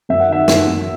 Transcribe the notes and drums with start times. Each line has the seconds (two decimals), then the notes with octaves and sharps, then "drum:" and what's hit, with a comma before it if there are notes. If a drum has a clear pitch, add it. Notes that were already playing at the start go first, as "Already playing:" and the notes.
0.09 F#2 E5
0.20 F#5
0.29 D#3 E5
0.48 F#2, drum: snare
0.67 F#2